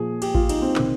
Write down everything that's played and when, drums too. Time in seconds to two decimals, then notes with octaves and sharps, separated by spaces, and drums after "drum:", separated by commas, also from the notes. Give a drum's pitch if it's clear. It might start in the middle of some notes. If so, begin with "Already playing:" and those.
Already playing: A#2 F3 G#4
0.22 G4, drum: cymbal
0.35 F4, drum: kick A1
0.49 D#4, drum: cymbal
0.62 C4
0.76 C3 D#3 C4, drum: clap